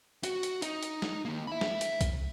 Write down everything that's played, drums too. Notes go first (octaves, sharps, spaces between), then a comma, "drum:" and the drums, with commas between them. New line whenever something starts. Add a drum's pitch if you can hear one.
F#4, drum: hi-hat
drum: hi-hat
D#4, drum: hi-hat
drum: hi-hat
drum: snare
D#3 A#3
E5 B5
drum: snare
drum: hi-hat
drum: kick, hi-hat